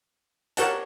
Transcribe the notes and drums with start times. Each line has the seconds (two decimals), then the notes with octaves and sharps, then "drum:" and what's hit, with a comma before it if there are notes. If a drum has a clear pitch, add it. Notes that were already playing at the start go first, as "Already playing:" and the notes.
0.57 G4 A#4 C#5 F#5 A5, drum: hi-hat